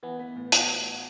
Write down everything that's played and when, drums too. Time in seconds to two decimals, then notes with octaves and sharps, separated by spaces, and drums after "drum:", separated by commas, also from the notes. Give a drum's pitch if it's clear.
0.03 E3 B3
0.19 B3
0.36 A2
0.52 F#4, drum: hi-hat